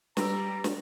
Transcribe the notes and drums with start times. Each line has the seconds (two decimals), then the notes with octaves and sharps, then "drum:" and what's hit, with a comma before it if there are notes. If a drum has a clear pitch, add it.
0.17 G3 B4 A#5 B5 E6, drum: snare
0.64 drum: snare